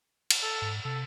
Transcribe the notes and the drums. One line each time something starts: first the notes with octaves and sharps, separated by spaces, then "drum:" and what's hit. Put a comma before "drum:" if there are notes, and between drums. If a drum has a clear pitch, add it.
drum: cymbal
A4
G#2
C3 A4